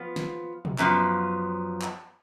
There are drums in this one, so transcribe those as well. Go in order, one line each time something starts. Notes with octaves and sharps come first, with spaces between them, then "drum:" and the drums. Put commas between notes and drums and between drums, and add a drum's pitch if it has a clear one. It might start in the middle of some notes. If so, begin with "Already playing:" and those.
Already playing: F3 B3 F4
drum: snare
drum: tom A#2
F#2 F3 B3, drum: clap
drum: clap